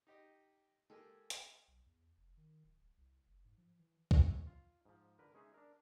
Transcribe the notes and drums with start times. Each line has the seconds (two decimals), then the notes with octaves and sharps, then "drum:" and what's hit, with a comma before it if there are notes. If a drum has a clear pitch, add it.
0.07 D#4 G4 D#5
0.90 G#3 A#3 G4 A4 G#5
1.30 drum: hi-hat
1.68 B1
1.86 E2
2.17 F1
2.37 D#3
2.64 D1
2.81 D1
2.97 C2
3.27 F#1
3.45 G#2
3.57 F3
3.79 E3
4.11 C3 C#5 E5, drum: kick C2
4.47 F4
4.85 G#2 F3
5.19 D3 A#4 B4
5.34 G#3 C#4 D#4 G#4 E5
5.54 D4 A#4